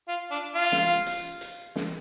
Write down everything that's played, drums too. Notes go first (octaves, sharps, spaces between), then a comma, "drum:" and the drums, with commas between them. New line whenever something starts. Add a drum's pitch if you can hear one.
F4
D4
F4
drum: snare
drum: hi-hat
drum: hi-hat
drum: snare